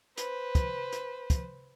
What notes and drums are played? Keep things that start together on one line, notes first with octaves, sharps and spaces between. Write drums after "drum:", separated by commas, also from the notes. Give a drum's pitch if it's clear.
B4 C5, drum: hi-hat
drum: kick, hi-hat
drum: hi-hat
drum: kick, hi-hat